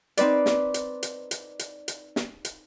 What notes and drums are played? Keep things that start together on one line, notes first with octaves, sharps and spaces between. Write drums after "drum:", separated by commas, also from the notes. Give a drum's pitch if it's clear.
C4 D#4 B4 D5, drum: hi-hat
drum: snare
drum: hi-hat
drum: hi-hat
drum: hi-hat
drum: hi-hat
drum: hi-hat
drum: snare
drum: hi-hat